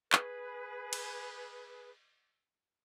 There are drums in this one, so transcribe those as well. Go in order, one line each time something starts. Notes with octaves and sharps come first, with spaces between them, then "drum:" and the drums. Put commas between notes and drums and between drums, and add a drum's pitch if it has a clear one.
G#4 B4, drum: clap
drum: cymbal